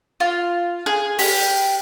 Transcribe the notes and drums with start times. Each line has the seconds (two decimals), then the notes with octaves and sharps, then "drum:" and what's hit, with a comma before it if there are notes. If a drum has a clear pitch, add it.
0.20 F4
0.86 G#4
1.19 G4, drum: open hi-hat